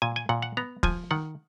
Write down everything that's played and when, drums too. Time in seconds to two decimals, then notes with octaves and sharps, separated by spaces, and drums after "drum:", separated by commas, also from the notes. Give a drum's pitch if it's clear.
0.02 A#2 G#5
0.16 G#5
0.29 A#2 F#5
0.42 F#5
0.57 B3 A#5
0.83 F3 G#5, drum: kick
1.11 D#3 F#5